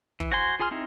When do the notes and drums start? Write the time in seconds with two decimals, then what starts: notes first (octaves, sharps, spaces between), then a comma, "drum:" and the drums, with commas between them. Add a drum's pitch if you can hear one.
0.20 E3, drum: kick
0.32 F#4 C5 G#5 C6
0.60 F4 G#4 G#5 C6 F6
0.71 C4 D#4 E4